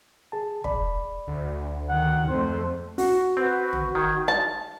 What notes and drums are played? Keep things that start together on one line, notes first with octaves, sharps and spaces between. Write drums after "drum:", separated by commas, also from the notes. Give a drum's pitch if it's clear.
G#4 A5
D5 B5, drum: kick
D2
D#3 F#5
F2 A3 C5
F#4, drum: open hi-hat
C4 F#4 B4
drum: tom
D#3 F#4 G6 G#6
A5